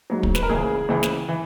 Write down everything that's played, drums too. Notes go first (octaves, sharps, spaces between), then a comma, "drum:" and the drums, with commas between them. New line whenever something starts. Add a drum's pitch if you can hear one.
G#2 F#3
drum: kick
B4, drum: snare
A#4
C#2 C#3 E3 G#4
C#2 C#3 E3
drum: snare
E3